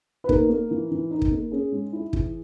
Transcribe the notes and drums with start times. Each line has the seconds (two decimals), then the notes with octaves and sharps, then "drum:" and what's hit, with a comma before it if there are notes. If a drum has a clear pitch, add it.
0.24 B4
0.29 A#3 D#4 A#4, drum: kick
0.49 A#3
0.71 E3
0.91 E3
1.11 D#4
1.22 drum: kick
1.31 A#3
1.52 C#4 G#4
1.72 G#3
1.93 E4
2.13 E3, drum: kick